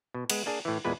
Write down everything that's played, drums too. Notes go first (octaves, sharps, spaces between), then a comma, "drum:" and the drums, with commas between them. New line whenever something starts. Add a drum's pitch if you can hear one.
B2
G#3 B3, drum: cymbal
A#3 D4 G#4
A2 E3
E2 A#2 G#3 B4 G#5